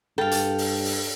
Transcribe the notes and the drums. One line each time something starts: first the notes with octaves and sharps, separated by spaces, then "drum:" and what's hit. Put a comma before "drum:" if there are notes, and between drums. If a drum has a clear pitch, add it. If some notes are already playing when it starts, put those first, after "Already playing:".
G2 A4 F5 G5
drum: hi-hat
drum: open hi-hat
drum: open hi-hat